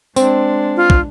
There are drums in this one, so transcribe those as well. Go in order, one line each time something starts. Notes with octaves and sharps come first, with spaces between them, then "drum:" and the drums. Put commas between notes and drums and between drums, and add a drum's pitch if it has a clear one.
G#3 C4 D4, drum: tambourine
F4
drum: kick